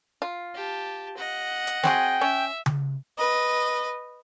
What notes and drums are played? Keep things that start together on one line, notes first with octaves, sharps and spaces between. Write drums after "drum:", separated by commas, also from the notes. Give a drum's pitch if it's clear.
F4
G4 A5
D#5 F#5
drum: hi-hat
C4 F#4 G#4 G5, drum: snare
C#4 E5
drum: tom C#3
B4 D#5